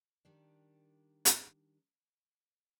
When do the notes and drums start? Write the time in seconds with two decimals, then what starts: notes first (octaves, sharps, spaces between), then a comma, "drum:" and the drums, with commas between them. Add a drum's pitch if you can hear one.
0.25 D#3 G3 D4
1.25 drum: hi-hat